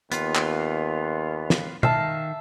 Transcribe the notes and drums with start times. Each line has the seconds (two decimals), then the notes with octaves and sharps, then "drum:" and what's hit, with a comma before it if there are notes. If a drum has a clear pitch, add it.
0.12 D#2 B3 F4, drum: hi-hat
0.35 drum: clap
1.50 drum: snare
1.83 D#3 E5 F5 A5, drum: tom B2